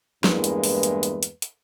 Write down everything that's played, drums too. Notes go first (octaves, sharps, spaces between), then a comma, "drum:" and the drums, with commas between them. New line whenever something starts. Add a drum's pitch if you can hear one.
E2 G2 G#3 A#3 E4 B4, drum: snare
drum: hi-hat
drum: open hi-hat
drum: hi-hat
drum: hi-hat
drum: hi-hat
drum: hi-hat